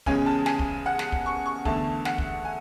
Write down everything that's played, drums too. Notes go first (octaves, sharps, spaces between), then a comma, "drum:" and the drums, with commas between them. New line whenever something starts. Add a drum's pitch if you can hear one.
E2 C#3 G#3 C#4 G#5, drum: kick
A5
G#5, drum: snare
drum: kick
F#5
drum: snare
drum: kick
C#6
C#6
E2 D3 A3 A5, drum: kick
F#5, drum: snare
drum: kick
G#5